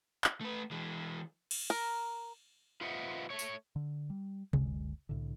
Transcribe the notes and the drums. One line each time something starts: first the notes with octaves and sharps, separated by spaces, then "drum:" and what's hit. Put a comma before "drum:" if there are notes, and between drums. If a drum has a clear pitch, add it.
drum: clap
A3 B4
E3 G#3
drum: cymbal
A#4
F4 B4 C5 D#5 E5 F#5
A3 C#5
drum: tambourine
D3
G3
F#1 C#2 D3 G#3, drum: tom C3
C2 A2 D3